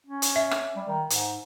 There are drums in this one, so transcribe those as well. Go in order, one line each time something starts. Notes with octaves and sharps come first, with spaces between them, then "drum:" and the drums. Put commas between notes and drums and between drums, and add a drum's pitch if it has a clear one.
C#4
drum: hi-hat
E5
drum: rim click
G3
D#3
G#2, drum: hi-hat